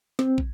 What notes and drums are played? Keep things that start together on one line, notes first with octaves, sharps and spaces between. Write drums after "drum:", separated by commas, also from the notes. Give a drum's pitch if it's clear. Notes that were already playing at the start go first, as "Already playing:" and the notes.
C4, drum: snare
drum: kick